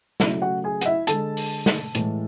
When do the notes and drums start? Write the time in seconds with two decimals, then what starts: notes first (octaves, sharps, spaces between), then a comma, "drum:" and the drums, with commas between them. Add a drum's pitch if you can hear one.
0.20 C#3 F#3 A3 E4 E5, drum: snare
0.42 F#4 F#5
0.64 G#4 G#5
0.81 F#5, drum: hi-hat
0.86 E4 E5
1.07 D3 G#3 A4 A5, drum: hi-hat
1.37 drum: open hi-hat
1.66 drum: snare
1.95 A2 E3 G#3, drum: hi-hat